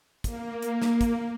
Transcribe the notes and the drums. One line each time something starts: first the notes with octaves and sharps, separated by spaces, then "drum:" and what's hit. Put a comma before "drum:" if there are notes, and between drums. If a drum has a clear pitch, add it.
A#3, drum: kick, hi-hat
drum: hi-hat
drum: snare
drum: kick, hi-hat